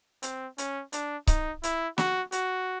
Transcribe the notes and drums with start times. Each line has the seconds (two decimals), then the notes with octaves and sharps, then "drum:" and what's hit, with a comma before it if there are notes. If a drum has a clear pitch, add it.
0.23 C4, drum: hi-hat
0.58 C#4, drum: hi-hat
0.93 D4, drum: hi-hat
1.27 D#4, drum: kick C#1, hi-hat
1.63 E4, drum: hi-hat
1.98 F#4, drum: snare
2.32 F#4, drum: hi-hat